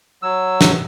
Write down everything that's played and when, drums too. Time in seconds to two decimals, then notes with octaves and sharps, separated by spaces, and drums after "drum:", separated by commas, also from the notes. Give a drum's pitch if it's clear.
0.22 F#3 E6
0.61 drum: snare